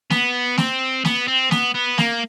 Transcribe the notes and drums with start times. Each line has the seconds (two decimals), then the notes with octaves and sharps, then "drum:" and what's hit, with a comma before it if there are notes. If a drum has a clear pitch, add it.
0.10 B3, drum: snare
0.58 C4, drum: snare
1.05 B3, drum: snare
1.28 C4
1.51 B3, drum: snare
1.75 B3
1.98 A#3, drum: snare